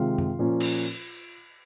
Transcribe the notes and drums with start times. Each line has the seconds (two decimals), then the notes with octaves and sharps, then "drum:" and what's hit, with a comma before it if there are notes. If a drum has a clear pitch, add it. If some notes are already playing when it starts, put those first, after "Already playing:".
Already playing: C3 D#3 G#3 F4 F5
0.18 drum: tom F#2
0.39 A#2 F3 A#3 C#4
0.60 drum: cymbal